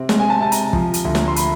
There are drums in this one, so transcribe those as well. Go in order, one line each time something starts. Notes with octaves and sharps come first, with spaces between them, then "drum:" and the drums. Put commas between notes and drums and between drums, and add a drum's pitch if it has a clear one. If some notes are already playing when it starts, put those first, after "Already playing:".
Already playing: C3 C4
G#3, drum: snare
G#5
A5
C3 A5
A#5, drum: hi-hat
F3, drum: kick
drum: hi-hat
D2
drum: snare
C6
B5, drum: hi-hat